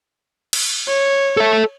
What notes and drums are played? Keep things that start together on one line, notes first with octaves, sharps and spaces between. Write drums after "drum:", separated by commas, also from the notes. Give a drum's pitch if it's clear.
drum: cymbal
C#5
A4 E5